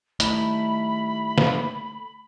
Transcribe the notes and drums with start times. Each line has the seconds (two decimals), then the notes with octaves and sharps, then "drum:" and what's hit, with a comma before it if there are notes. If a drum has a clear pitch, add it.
0.20 D#3 G3 A3 E4 B5, drum: hi-hat
1.38 drum: snare